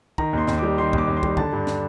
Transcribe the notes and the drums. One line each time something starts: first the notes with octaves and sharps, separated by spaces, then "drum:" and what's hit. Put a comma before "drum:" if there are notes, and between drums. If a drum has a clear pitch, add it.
D#3 A#5, drum: kick
D#2 C6
D#2, drum: snare
G3 D6
D#3 C6
D#2 D6, drum: kick
D#2
C6
G3, drum: kick
D3 A5, drum: kick
G2
drum: snare